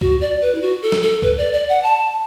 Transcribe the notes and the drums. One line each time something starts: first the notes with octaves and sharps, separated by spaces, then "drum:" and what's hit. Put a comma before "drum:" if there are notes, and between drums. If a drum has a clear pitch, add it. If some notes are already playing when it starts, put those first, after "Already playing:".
F#4, drum: kick
D5
B4
E4
F#4
A4
drum: snare
A4
B4, drum: kick
D5
D5
F#5
A5